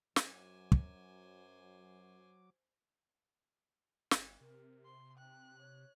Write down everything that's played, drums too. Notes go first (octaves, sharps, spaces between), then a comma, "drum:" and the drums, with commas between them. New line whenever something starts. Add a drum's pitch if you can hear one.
F#2 F#3 C5 G#5 D6, drum: snare
drum: kick
G1, drum: snare
C3 A#4
C6
G5 F#6
C#5